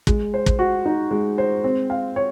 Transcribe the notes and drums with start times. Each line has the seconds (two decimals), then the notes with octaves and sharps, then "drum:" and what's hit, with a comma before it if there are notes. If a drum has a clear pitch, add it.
0.07 G#3, drum: kick
0.34 C5
0.46 drum: kick
0.59 F#4
0.86 D#4
1.11 G#3
1.38 C5
1.64 C4
1.90 F5
2.16 C#5